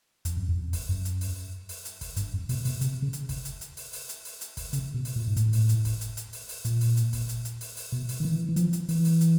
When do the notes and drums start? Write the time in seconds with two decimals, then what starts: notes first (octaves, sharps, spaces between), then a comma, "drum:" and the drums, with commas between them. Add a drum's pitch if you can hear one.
0.25 F2, drum: hi-hat
0.37 F#2
0.49 F2
0.73 drum: kick, open hi-hat
0.89 F#2
1.05 drum: hi-hat
1.21 drum: open hi-hat
1.69 drum: open hi-hat
1.85 drum: hi-hat
2.01 drum: kick, open hi-hat
2.16 G2, drum: hi-hat
2.34 F#2
2.49 B2, drum: open hi-hat
2.65 B2, drum: open hi-hat
2.81 C3, drum: hi-hat
3.02 C#3
3.13 drum: hi-hat
3.29 drum: kick, open hi-hat
3.45 drum: hi-hat
3.61 drum: hi-hat
3.77 drum: open hi-hat
3.93 drum: open hi-hat
4.09 drum: hi-hat
4.25 drum: open hi-hat
4.41 drum: hi-hat
4.57 drum: kick, open hi-hat
4.73 C#3, drum: hi-hat
4.94 B2
5.05 drum: open hi-hat
5.16 A#2
5.27 G#2
5.36 A2, drum: hi-hat
5.53 drum: open hi-hat
5.69 drum: hi-hat
5.85 drum: kick, open hi-hat
6.01 drum: hi-hat
6.17 drum: hi-hat
6.33 drum: open hi-hat
6.49 drum: open hi-hat
6.65 A#2, drum: hi-hat
6.81 drum: open hi-hat
6.97 drum: hi-hat
7.13 drum: kick, open hi-hat
7.29 drum: hi-hat
7.45 drum: hi-hat
7.61 drum: open hi-hat
7.77 drum: open hi-hat
7.92 B2
8.09 drum: open hi-hat
8.20 D#3
8.25 E3
8.49 E3
8.56 F3, drum: hi-hat
8.73 drum: hi-hat
8.89 E3, drum: open hi-hat
9.05 drum: open hi-hat
9.21 drum: hi-hat